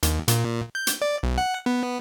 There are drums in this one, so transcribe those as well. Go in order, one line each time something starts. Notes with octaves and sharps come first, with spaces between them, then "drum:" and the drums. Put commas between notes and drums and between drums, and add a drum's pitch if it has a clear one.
D#2, drum: hi-hat
A#2, drum: hi-hat
G6
drum: hi-hat
D5
B1
F#5
B3